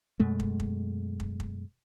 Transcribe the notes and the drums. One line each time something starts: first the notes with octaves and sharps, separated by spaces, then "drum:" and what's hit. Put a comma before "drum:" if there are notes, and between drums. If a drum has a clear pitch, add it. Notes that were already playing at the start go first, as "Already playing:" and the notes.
F#2 B2 G#3 A3
drum: kick
drum: kick
drum: kick
drum: kick